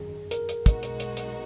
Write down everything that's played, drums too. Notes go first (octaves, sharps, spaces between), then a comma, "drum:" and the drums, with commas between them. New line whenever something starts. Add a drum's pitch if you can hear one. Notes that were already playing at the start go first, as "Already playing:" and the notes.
Already playing: G#1 F#2 D#3 G#4
A#4, drum: hi-hat
drum: hi-hat
B1 B2 G#3 D#4 F#4, drum: kick, hi-hat
drum: hi-hat
drum: hi-hat
drum: hi-hat